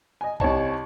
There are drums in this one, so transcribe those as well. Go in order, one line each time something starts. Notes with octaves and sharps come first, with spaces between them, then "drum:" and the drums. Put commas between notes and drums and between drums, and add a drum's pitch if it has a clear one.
D#5 G#5
C2 D#4 C#5 A5, drum: kick B1